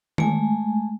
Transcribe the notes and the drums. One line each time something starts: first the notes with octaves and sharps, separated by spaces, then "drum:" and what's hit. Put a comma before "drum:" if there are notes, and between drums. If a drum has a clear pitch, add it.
G#3 A3 G#5, drum: tom D#3